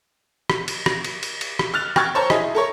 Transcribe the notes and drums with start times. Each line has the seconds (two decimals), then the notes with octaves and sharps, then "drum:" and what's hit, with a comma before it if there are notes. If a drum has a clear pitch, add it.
0.50 drum: rim click
0.68 drum: cymbal
0.86 drum: rim click
1.04 drum: cymbal
1.23 drum: cymbal
1.41 drum: cymbal
1.59 drum: rim click
1.74 F6 F#6 A6 F7
1.96 G5 C#6 E6 F6 G#6 A6, drum: rim click
2.15 C5 C#5 A5 A#5 C6 C#6
2.30 E4 G#4 D#5, drum: rim click
2.55 A4 A#4 C#5